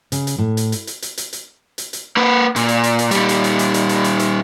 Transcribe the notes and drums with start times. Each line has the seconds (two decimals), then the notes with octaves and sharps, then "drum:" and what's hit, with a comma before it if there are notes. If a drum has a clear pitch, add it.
0.12 C#3, drum: hi-hat
0.27 drum: hi-hat
0.38 A2
0.57 drum: hi-hat
0.72 drum: hi-hat
0.87 drum: hi-hat
1.02 drum: hi-hat
1.18 drum: hi-hat
1.33 drum: hi-hat
1.78 drum: hi-hat
1.93 drum: hi-hat
2.17 A#3 B4
2.56 A#2, drum: hi-hat
2.68 drum: hi-hat
2.84 drum: hi-hat
2.99 drum: hi-hat
3.11 A#2 G3, drum: hi-hat
3.29 drum: hi-hat
3.44 drum: hi-hat
3.59 drum: hi-hat
3.74 drum: hi-hat
3.89 drum: hi-hat
4.04 drum: hi-hat
4.19 drum: hi-hat